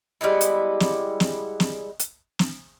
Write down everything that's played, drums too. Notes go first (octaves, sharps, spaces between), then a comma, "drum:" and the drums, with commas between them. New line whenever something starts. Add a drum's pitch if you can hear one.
G3 G#3 B3 E4
drum: hi-hat
drum: snare
drum: snare
drum: snare
drum: hi-hat
drum: snare